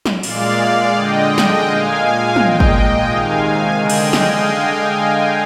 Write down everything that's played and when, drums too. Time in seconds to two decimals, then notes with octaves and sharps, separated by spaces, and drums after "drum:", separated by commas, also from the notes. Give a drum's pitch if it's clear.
0.06 drum: snare
0.23 A#2 G#3 D5 F5, drum: cymbal
0.94 D3 G#3 D#5 G5
1.38 drum: snare
1.65 A#2 G#3 F5 G#5
2.36 A#2 G#3 D#5 G5, drum: tom
2.60 drum: kick G#1
3.07 C3 D#3 G#3 F5 G#5
3.42 F5 G#5
3.78 D3 G#3 D#5 G5
3.90 drum: cymbal
4.13 F5 G#5, drum: snare